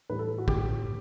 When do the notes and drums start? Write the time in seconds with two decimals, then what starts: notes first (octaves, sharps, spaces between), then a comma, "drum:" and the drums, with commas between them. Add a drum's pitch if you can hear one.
0.09 A2 E3 G3 B4
0.19 A4
0.38 F#4
0.48 A2 E3 G3 G4, drum: kick